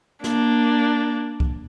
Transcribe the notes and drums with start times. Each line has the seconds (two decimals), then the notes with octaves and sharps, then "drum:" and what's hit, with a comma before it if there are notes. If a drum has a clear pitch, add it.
0.24 A#3 D4, drum: snare
1.40 drum: kick C2